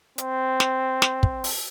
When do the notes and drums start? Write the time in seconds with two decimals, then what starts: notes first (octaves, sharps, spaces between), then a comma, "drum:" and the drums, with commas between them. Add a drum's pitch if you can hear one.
0.18 C4, drum: hi-hat
0.60 drum: snare
1.02 drum: snare
1.23 drum: kick
1.44 drum: open hi-hat